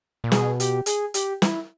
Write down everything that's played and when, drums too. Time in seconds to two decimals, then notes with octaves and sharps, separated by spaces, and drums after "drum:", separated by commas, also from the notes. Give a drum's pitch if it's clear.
0.24 A#2
0.32 B2 G#4, drum: snare
0.60 G4, drum: hi-hat
0.86 G#4, drum: hi-hat
1.14 G4, drum: hi-hat
1.42 E4, drum: snare